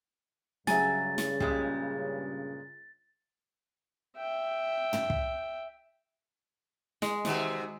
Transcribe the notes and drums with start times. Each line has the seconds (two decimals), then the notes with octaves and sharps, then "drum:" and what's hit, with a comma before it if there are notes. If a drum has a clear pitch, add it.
0.67 G2 C#3 F#3 G#4 E5 G#5 A6, drum: snare
1.18 drum: snare
1.40 A#2 G#3 G4, drum: kick
4.17 E5 G5
4.93 drum: tom
5.10 drum: kick
7.02 G#3, drum: snare
7.25 C3 D#3 F#4, drum: snare